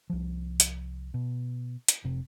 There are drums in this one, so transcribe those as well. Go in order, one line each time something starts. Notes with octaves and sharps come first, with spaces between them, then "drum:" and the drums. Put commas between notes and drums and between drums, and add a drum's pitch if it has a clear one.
C2 F3
drum: hi-hat
B2
drum: hi-hat
F1 C3